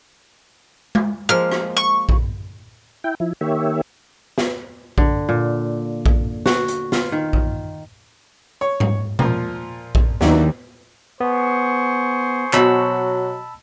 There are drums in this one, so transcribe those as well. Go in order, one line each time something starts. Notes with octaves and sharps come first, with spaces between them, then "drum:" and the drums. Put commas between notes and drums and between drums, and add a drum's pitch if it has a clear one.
drum: tom G#3
F3 G#3 A#3 F6
drum: rim click
C#6
drum: kick A#1
E4 G5
F3 E4
D#3 A#3 G4 C#5 E5
drum: snare
D3, drum: kick A#1
A#2
drum: kick A#1
F#4, drum: snare
drum: hi-hat
F4, drum: snare
D#3
drum: kick A#1
C#5
drum: tom G#2
A#2 F3, drum: tom B2
drum: kick A#1
D#2 F#3 D4 E4, drum: snare
B3 G#4 C5 C#6
B2 F#3 F#4 A5 B5 E6, drum: clap